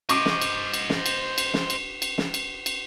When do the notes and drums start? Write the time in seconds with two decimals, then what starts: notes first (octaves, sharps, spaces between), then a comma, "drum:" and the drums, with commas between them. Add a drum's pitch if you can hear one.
0.09 C5 D#5 C#6 D6 D7, drum: cymbal
0.25 drum: snare
0.41 drum: cymbal
0.74 drum: cymbal
0.90 drum: snare
1.06 drum: cymbal
1.38 drum: cymbal
1.54 drum: snare
1.70 drum: cymbal
2.02 drum: cymbal
2.18 drum: snare
2.34 drum: cymbal
2.66 drum: cymbal